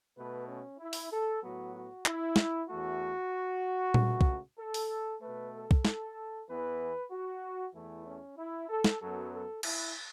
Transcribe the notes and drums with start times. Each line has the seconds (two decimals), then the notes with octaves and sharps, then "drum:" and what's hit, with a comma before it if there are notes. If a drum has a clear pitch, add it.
0.16 B2 A3 B4
0.48 C#4
0.79 E4
0.93 drum: open hi-hat
1.11 A4
1.42 A2 F#3 B3 F#4
1.75 F#4
2.06 E4, drum: clap
2.36 drum: snare
2.68 E2 E3 A3 F#4
3.94 C#2 C#3 A3, drum: tom A#2
4.21 drum: kick
4.58 A4
4.74 drum: open hi-hat
5.21 B2 A3 B4
5.53 A4
5.71 drum: kick
5.85 A4, drum: snare
6.47 E2 E3 B3 B4
7.10 F#4
7.74 E2 E3 A3 E4
8.06 C#4
8.37 E4
8.69 A4
8.84 drum: snare
9.00 F#2 F#3 B3 A4
9.32 A4
9.63 E4, drum: cymbal